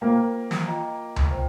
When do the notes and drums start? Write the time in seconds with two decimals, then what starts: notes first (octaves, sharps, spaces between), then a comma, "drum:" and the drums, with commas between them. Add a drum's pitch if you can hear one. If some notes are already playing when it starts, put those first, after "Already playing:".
0.01 A#3 F4 C5 G5
0.51 drum: snare
0.67 F4 D#5 G5 A#5
1.16 drum: tom C#2
1.31 C5 G5